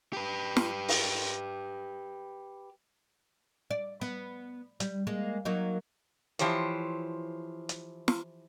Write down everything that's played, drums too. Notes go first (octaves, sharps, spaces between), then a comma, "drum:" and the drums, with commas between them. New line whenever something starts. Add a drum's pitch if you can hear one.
G4 B4
drum: snare
drum: open hi-hat
D5
B3
G3, drum: hi-hat
G#3 A#3
F#3 A#3 D#4
E3 F3 G4 C5 C#5, drum: hi-hat
drum: hi-hat
drum: snare